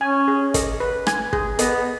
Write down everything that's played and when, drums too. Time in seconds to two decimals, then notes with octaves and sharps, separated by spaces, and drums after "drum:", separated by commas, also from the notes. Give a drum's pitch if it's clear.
0.01 C#4 G#5
0.28 G#4
0.54 D#5, drum: kick, hi-hat
0.80 B4
1.07 G#5, drum: rim click
1.33 G#4, drum: kick
1.59 B3 D#5, drum: hi-hat